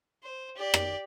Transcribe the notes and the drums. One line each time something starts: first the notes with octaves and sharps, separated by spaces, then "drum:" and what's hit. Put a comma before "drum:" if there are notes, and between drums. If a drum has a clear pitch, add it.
C5
G4 D5
drum: rim click